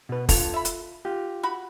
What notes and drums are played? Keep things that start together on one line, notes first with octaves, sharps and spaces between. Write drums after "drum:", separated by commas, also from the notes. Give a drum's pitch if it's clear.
B2 B4
D4 F4 A4, drum: kick, open hi-hat
E5 B5
drum: hi-hat
F4 G4
F#4 B5